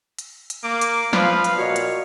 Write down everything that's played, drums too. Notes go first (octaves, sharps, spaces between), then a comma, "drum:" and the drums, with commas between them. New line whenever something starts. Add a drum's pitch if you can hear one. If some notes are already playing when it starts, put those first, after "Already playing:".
drum: hi-hat
drum: hi-hat
A#3 D6
drum: hi-hat
F3 B4 D5 F5, drum: snare
drum: hi-hat
A#2 F#4 C#5 D#5
drum: hi-hat